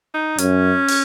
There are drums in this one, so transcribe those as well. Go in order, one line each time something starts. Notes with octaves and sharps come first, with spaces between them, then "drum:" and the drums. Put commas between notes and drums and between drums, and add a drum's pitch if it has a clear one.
D#4
F#2 C#4, drum: hi-hat
drum: open hi-hat